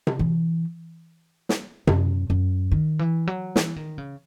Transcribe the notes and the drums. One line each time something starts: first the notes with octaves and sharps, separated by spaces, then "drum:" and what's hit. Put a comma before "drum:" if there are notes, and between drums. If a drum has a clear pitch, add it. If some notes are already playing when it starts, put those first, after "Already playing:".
drum: tom C3
E3
drum: snare
F#2, drum: tom C3
F#2
D#3
E3
F#3
E3, drum: snare
D#3
C#3